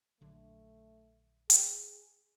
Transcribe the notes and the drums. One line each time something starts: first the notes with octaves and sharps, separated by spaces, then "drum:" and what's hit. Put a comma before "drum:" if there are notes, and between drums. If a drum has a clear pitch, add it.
A#1 D3 F#3 A3
G#4 G5, drum: hi-hat